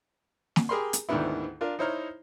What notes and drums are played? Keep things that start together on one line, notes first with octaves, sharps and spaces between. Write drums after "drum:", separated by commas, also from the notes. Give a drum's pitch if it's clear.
drum: snare
G4 G#4 A#4 B5 C6
drum: hi-hat
D2 G#2 D3 D#3 B3 E4
D4 F4 A#4
D#4 E4 C5 C#5 A#5 F6